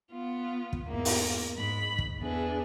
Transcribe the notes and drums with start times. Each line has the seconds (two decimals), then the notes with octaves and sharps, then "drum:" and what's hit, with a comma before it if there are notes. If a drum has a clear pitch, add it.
0.11 B3 F4
0.73 drum: kick
0.87 E2 G#2 A#3
1.05 drum: open hi-hat
1.56 G#2 B5
1.99 drum: kick
2.19 E2 D4 G#4 B4